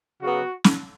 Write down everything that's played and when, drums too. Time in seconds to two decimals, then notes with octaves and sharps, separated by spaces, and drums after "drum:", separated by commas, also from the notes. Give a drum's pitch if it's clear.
0.22 C#3 F#3 B3 F#4
0.64 drum: snare